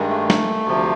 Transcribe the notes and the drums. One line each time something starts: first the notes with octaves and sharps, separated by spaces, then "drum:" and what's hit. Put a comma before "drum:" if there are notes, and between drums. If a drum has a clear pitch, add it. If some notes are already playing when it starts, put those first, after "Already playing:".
Already playing: G2 D#3 G#3
A3
drum: snare
D2 C3 F3